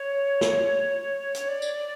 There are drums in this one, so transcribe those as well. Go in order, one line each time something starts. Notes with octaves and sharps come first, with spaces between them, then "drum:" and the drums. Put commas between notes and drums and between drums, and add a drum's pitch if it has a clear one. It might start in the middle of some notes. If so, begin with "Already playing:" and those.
Already playing: C#5
drum: snare
drum: hi-hat
D5
drum: tambourine